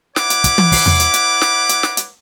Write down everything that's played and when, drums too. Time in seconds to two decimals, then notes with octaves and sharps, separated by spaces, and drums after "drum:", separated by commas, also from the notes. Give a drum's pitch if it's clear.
0.16 E4 B4 C#5 F#5 D6, drum: snare
0.30 drum: hi-hat
0.44 drum: kick, hi-hat
0.58 drum: tom
0.72 drum: kick, open hi-hat
0.86 drum: tom E2
1.00 drum: hi-hat
1.14 drum: hi-hat
1.41 drum: snare
1.69 drum: hi-hat
1.83 drum: snare
1.97 drum: hi-hat